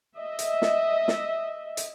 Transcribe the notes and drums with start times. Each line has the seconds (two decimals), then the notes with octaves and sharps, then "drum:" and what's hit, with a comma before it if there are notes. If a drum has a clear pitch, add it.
0.16 D#5 E5
0.39 drum: hi-hat
0.62 drum: snare
1.08 drum: snare
1.77 drum: hi-hat